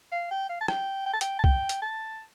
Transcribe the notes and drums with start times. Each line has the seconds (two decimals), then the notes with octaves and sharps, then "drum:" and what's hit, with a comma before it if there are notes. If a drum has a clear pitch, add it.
0.12 F5
0.31 G5
0.49 F5
0.61 A5
0.68 G5, drum: rim click
1.06 G5
1.13 A5
1.21 G5, drum: hi-hat
1.39 A5
1.44 G5, drum: kick C2
1.69 drum: hi-hat
1.82 A5